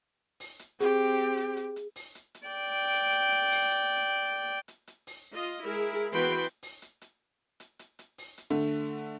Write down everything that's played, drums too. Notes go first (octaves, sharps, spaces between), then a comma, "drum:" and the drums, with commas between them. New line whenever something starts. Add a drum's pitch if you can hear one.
drum: open hi-hat
drum: hi-hat
C4 G4 G#4, drum: hi-hat
drum: hi-hat
drum: hi-hat
drum: hi-hat
drum: open hi-hat
drum: hi-hat
drum: hi-hat
D5 G5
drum: hi-hat
drum: hi-hat
drum: hi-hat
drum: open hi-hat
drum: hi-hat
drum: hi-hat
drum: hi-hat
drum: open hi-hat
F4 D#5
G#3 E4 G#4 A#4
E3 B3 F#4 B4 G5 C6
drum: hi-hat
drum: hi-hat
drum: open hi-hat
drum: hi-hat
drum: hi-hat
drum: hi-hat
drum: hi-hat
drum: hi-hat
drum: open hi-hat
drum: hi-hat
D3 A3